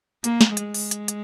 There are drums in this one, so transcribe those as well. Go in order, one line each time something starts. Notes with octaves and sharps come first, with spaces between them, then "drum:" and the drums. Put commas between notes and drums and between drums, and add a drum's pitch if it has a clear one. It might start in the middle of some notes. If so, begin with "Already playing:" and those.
A#3, drum: hi-hat
drum: snare
G#3, drum: hi-hat
drum: open hi-hat
drum: hi-hat
drum: hi-hat